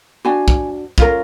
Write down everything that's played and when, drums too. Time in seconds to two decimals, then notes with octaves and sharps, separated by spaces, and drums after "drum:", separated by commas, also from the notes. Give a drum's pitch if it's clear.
0.25 D4 F#4 G#5
0.48 drum: kick
0.98 C#4 F4 A#4, drum: kick